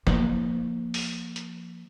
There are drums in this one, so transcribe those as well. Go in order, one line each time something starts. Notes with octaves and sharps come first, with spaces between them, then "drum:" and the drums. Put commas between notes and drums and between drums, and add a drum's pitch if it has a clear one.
F3 A#3, drum: snare
drum: open hi-hat
drum: hi-hat